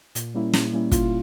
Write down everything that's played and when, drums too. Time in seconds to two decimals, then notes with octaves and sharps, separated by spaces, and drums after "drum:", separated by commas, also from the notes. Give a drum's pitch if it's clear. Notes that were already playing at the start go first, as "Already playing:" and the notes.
0.15 A#2, drum: hi-hat
0.34 G3 A#3 C#4 E4
0.53 A#2, drum: snare
0.73 G3 A#3 C#4 E4
0.92 A#2 F4, drum: kick, hi-hat